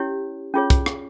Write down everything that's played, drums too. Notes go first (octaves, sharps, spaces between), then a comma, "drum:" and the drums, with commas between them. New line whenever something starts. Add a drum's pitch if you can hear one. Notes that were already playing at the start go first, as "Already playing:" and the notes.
Already playing: C#4 E4 G4 C#5
C#4 F4 G#4 C#5
drum: kick, hi-hat
drum: rim click